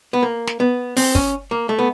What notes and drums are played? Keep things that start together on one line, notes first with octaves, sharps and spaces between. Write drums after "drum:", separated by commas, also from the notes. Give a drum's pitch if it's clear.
B3
A#3
drum: snare
B3
C4, drum: open hi-hat
C#4, drum: kick
A#3
A3
B3